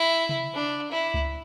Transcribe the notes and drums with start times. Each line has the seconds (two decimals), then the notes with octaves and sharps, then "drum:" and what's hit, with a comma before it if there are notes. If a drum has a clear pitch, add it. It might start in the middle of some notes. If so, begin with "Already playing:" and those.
Already playing: E4
0.29 drum: tom C3
0.55 D4
0.92 E4
1.14 drum: kick C#2